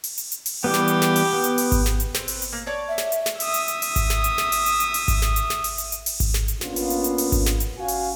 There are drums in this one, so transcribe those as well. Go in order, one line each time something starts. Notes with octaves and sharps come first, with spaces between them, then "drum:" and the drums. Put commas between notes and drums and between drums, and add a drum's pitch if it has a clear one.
drum: open hi-hat
drum: hi-hat
drum: hi-hat
drum: open hi-hat
E3 G3 B3 G4
drum: snare
drum: hi-hat
drum: snare
drum: open hi-hat
B3
drum: hi-hat
drum: open hi-hat
drum: kick G#1, hi-hat
drum: snare
drum: hi-hat
C4 B4, drum: snare
drum: open hi-hat
drum: hi-hat
A#3
C#5 D5 A5
E5
drum: snare
drum: hi-hat
drum: snare
E5 D#6, drum: open hi-hat
drum: hi-hat
drum: hi-hat
drum: open hi-hat
drum: kick G#1, hi-hat
drum: snare
drum: hi-hat
drum: snare
drum: open hi-hat
drum: hi-hat
drum: hi-hat
drum: open hi-hat
drum: kick G#1, hi-hat
drum: snare
drum: hi-hat
drum: snare
drum: open hi-hat
drum: hi-hat
drum: hi-hat
drum: open hi-hat
drum: kick G#1, hi-hat
drum: snare
drum: hi-hat
A#3 B3 C#4 D4 F4, drum: snare
drum: open hi-hat
drum: hi-hat
drum: hi-hat
drum: open hi-hat
drum: kick G#1, hi-hat
drum: snare
drum: hi-hat
C#4 F#4 F5 G#5
drum: open hi-hat